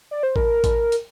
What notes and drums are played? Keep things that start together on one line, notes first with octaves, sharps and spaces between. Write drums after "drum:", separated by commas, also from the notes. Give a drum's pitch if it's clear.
D5
C5
A#4, drum: kick A1
drum: kick A1, hi-hat
drum: hi-hat